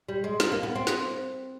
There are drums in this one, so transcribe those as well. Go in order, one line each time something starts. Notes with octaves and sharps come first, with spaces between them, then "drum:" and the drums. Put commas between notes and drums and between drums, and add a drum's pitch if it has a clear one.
G3
G#3
drum: snare
A#3
B3
C4
drum: snare